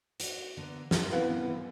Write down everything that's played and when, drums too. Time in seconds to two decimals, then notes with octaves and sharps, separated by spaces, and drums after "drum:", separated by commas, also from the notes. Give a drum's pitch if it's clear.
0.20 F#4, drum: hi-hat
0.57 D3 A#3 B3
0.91 F3 F4 A4, drum: snare
1.11 B3 C4 E4 B4 F5 F#5